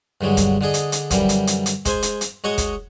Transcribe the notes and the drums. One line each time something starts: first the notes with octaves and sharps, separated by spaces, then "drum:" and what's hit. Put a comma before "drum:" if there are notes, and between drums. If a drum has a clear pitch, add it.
G2 D3 F#3 G#3
drum: kick, hi-hat
D3 D4 G#4 D#5
drum: hi-hat
drum: hi-hat
F#2 D3 E3 G3, drum: kick, hi-hat
drum: hi-hat
drum: hi-hat
drum: hi-hat
G#3 C5 G#5, drum: kick, hi-hat
drum: hi-hat
drum: hi-hat
G#3 F#4 C#5 D#5 C#6 D#6
drum: kick, hi-hat